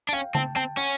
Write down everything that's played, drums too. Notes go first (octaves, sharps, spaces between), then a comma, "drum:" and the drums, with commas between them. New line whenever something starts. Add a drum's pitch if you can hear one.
D4
C#4 F5 G5
C4 G5 A5, drum: tom C#3
C4 G5 A5
C#4 F#5 G#5, drum: hi-hat